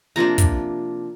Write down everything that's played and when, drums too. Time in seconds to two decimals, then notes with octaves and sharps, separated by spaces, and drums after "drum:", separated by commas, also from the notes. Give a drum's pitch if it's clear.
0.16 C3 F3 A#3 D4 A#5
0.38 drum: kick, hi-hat